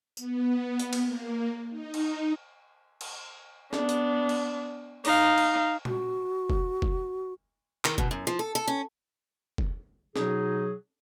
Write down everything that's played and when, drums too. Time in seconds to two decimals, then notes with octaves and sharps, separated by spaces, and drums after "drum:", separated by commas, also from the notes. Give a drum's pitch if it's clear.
0.17 B3, drum: tambourine
0.79 drum: hi-hat
0.93 drum: cymbal
1.04 A#3
1.70 D#4
1.94 drum: cymbal
3.01 drum: cymbal
3.73 B3 D4, drum: snare
3.89 drum: hi-hat
4.29 drum: cymbal
5.05 D#4 F5, drum: open hi-hat
5.38 drum: cymbal
5.85 F#4, drum: tom A#2
6.50 drum: kick
6.82 drum: kick
7.85 D#3, drum: clap
7.98 B2, drum: kick
8.11 F#2
8.27 F3
8.39 A4
8.55 A4
8.68 C#4
9.58 drum: kick
10.16 B2 F#3 D#4 G#4, drum: snare